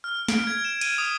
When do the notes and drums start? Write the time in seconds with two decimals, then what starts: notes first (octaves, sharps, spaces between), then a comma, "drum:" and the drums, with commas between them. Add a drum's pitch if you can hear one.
0.04 F6
0.28 D7, drum: snare
0.47 G#6
0.65 E7
0.81 D#7, drum: cymbal
0.98 D#6